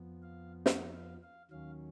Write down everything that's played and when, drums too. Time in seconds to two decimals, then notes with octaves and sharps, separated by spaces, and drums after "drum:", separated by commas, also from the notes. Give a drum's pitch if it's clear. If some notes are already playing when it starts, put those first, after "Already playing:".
Already playing: F2 F3 B3
0.22 F5
0.66 F#5, drum: snare
0.94 F5
1.23 F5
1.51 D#2 D#3 F#3 C#4 F5